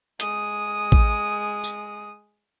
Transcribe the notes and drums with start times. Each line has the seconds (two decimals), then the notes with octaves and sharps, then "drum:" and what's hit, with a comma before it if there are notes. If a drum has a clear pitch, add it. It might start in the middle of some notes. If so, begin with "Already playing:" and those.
0.20 G#3 D#6, drum: hi-hat
0.92 drum: kick A1
1.64 drum: tambourine